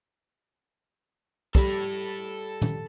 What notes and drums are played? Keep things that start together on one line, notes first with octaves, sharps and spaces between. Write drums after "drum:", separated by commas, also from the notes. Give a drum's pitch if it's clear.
G3 A4 B5, drum: kick
drum: tom